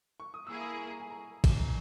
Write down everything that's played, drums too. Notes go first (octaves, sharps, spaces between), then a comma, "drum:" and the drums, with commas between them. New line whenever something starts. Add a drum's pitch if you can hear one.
C#6
D#6
A#3 E4 G#4 E6
D#6
C#6
A#5
G#5
A#5
drum: kick, cymbal